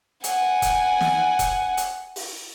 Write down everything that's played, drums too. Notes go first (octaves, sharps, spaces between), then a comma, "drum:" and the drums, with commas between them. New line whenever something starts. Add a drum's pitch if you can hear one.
F#5 G#5, drum: hi-hat
drum: kick E1, hi-hat
drum: snare
drum: kick E1, hi-hat
drum: hi-hat
drum: open hi-hat